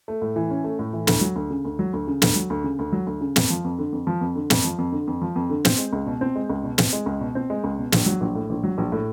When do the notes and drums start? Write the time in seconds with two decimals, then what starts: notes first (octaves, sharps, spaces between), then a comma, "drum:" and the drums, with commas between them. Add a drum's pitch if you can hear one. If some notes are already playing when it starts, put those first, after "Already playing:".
0.08 A3
0.22 A2
0.36 E3
0.50 C#4
0.64 A3
0.79 A2
0.93 E3
1.07 D2, drum: snare
1.21 F#3
1.36 D2
1.50 C#3
1.65 D2
1.79 F#3
1.93 D2
2.08 C#3
2.22 D2, drum: snare
2.35 F#3
2.50 D2
2.64 C#3
2.79 D2
2.92 F#3
3.07 D2
3.21 C#3
3.36 F2, drum: snare
3.50 F3
3.64 F2
3.79 D3
3.92 F2
4.07 F3
4.21 F2
4.36 D3
4.50 F2, drum: snare
4.64 F3
4.78 F2
4.92 D3
5.07 F2
5.22 F3
5.36 F2
5.50 D3
5.65 C4, drum: snare
5.78 G#3
5.93 C#2
6.07 B2
6.21 C4
6.36 G#3
6.50 C#2
6.64 B2
6.78 C4, drum: snare
6.93 G#3
7.06 C#2
7.21 B2
7.35 C4
7.50 G#3
7.64 C#2
7.78 B2
7.92 A#1, drum: snare
8.06 F#3
8.21 A#1
8.35 A2
8.50 A#1
8.63 F#3
8.78 A#1
8.92 A2